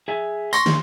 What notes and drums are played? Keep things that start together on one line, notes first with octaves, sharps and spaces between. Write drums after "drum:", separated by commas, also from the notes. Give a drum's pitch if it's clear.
G#4 E5
C6 C#6 A#6, drum: tambourine
drum: snare